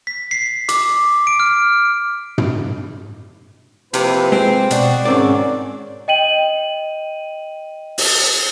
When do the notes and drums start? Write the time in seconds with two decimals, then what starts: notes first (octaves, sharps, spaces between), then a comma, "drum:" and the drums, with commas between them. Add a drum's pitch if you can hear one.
0.07 B6
0.31 C7
0.69 D6, drum: hi-hat
1.27 D7
1.40 F6
2.38 drum: tom
3.94 C3 F3 A#3 E4 B4, drum: hi-hat
4.32 G#3 C4
4.71 B2 D4 F#4 D5, drum: hi-hat
5.05 G#2 D#3 C4 C#4 D5
6.08 D#5 G5 D#7 F#7
7.98 drum: open hi-hat